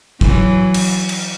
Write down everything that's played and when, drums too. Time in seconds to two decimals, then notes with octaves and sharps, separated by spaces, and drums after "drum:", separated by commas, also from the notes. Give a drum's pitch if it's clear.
0.21 E3 F#3, drum: kick
0.74 drum: cymbal
1.09 drum: cymbal